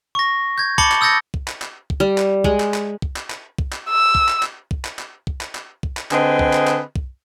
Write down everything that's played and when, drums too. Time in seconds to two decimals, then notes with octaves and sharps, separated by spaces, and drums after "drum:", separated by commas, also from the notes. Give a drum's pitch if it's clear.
0.15 C#6 A#6
0.58 G6 G#6
0.78 A5 B5 D6 A6 C#7 G7, drum: kick B1
0.92 drum: clap
1.01 D#6 E6 G6 A6 A#6 C#7
1.34 drum: kick B1
1.48 drum: clap
1.62 drum: clap
1.90 drum: kick B1
2.00 G3
2.18 drum: clap
2.44 G#3, drum: kick B1
2.60 drum: clap
2.74 drum: clap
3.02 drum: kick B1
3.16 drum: clap
3.30 drum: clap
3.59 drum: kick B1
3.73 drum: clap
3.90 E6
4.15 drum: kick B1
4.29 drum: clap
4.43 drum: clap
4.71 drum: kick B1
4.85 drum: clap
4.99 drum: clap
5.27 drum: kick B1
5.41 drum: clap
5.55 drum: clap
5.83 drum: kick B1
5.97 drum: clap
6.11 D3 C4 G#4 B4 D#5, drum: clap
6.39 drum: kick B1
6.53 drum: clap
6.67 drum: clap
6.96 drum: kick B1